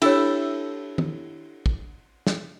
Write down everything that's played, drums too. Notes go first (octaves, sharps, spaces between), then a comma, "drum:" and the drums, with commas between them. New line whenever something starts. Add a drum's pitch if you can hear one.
D4 E4 G4 A4 C#5, drum: cymbal
drum: tom
drum: kick
drum: snare